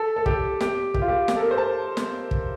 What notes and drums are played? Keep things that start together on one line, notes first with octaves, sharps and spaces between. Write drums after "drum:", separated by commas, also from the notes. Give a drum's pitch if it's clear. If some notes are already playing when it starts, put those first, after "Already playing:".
Already playing: A4
A4
G4, drum: kick
G4, drum: snare
G4, drum: kick
F4
G4
G4, drum: snare
A4
A#4
C5
A5
drum: snare
drum: kick